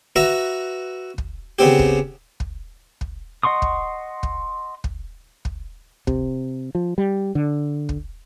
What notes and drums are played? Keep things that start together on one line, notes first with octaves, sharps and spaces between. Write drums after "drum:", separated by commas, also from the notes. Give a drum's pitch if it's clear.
F#4 B4 E5 A#5
drum: kick
C#3 B3 C4 G4
drum: kick
drum: kick
drum: kick
D#5 F#5 C6 C#6 D#6
drum: kick
drum: kick
drum: kick
drum: kick
C3, drum: kick
F3
G3
D3
drum: kick